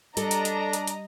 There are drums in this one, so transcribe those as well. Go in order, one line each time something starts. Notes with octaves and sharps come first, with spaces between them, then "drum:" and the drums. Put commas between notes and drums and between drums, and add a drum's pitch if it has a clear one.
G3 D4 A4 D5 D#5 A#5, drum: hi-hat
drum: hi-hat
drum: hi-hat
drum: hi-hat
drum: hi-hat